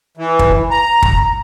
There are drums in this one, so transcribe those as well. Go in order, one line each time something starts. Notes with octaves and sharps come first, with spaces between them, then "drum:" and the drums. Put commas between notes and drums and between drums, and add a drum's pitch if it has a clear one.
E3
drum: kick
A#5
drum: kick